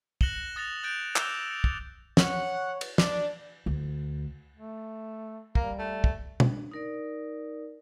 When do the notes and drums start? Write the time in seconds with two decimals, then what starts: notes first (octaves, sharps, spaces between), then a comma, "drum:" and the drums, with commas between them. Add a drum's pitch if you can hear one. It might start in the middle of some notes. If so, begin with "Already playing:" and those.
0.21 F#6 A#6 C#7 E7 F#7 G7, drum: kick
0.56 D#6 A6 A#6 F7
0.83 F#6 G6 A6 D7 F7
1.16 D6 E6 G6 E7 F7 G7, drum: clap
1.51 C#7 F7
1.64 drum: kick
2.17 C#5 F#5, drum: snare
2.81 drum: cymbal
2.98 D4 D5, drum: snare
3.66 D2
4.56 A3
5.55 G3 A#3, drum: kick
5.79 A3
6.04 drum: kick
6.40 D4, drum: tom
6.71 D#4 A#4 D5